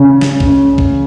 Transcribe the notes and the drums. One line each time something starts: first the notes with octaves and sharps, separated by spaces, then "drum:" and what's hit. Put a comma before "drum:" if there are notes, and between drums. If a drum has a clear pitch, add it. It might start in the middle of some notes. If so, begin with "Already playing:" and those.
Already playing: C#3 C#4
drum: snare
drum: kick
drum: kick